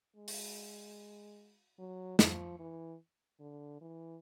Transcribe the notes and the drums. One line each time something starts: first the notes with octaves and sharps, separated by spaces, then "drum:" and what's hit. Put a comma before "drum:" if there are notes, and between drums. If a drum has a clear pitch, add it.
G#3
drum: open hi-hat
F#3
F3, drum: snare
E3
D3
E3